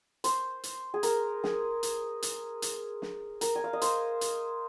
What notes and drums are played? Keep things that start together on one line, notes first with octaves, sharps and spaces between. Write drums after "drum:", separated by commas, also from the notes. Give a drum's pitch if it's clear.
C5, drum: hi-hat
drum: hi-hat
G#4
A#4, drum: hi-hat
G#4, drum: snare
drum: hi-hat
drum: hi-hat
drum: hi-hat
drum: snare
A#4, drum: hi-hat
G#5
F5
D#5
C5, drum: hi-hat
drum: hi-hat